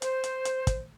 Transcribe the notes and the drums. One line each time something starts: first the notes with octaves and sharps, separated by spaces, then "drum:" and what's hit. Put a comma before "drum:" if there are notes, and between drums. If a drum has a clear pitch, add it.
C5, drum: hi-hat
drum: hi-hat
drum: hi-hat
drum: kick, hi-hat